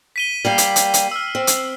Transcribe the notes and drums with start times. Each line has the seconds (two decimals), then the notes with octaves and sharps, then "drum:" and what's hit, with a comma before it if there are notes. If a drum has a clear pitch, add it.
0.16 B6 D#7 G7
0.45 G3 A#3 G4 C7 F#7
0.58 drum: hi-hat
0.76 drum: hi-hat
0.94 drum: hi-hat
1.11 E6 F6
1.35 C4
1.47 drum: hi-hat